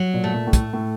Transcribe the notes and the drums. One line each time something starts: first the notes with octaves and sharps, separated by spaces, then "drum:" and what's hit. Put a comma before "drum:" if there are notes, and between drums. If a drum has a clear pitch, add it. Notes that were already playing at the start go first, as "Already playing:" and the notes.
Already playing: F#3
A#2
A3
A#2
A2
A3, drum: kick, hi-hat
A2